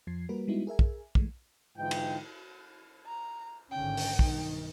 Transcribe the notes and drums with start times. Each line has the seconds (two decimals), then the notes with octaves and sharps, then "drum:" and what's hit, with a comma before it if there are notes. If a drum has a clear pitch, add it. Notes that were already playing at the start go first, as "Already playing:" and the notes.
0.07 F2 F3 G#6 C7
0.29 G3 A#3 F#4 A#4 B4
0.47 G3 G#3 B3 D#4 E4 F#4
0.67 G#4 A#4 E5 G#5
0.79 drum: kick
1.15 E3 G#3 A3, drum: kick
1.77 G#2 D3 E3 D#4 F4 G5
1.91 drum: cymbal
3.06 A#5
3.71 G#1 D3 C#4 G5
3.97 drum: open hi-hat
4.19 B1 G2 D#3, drum: kick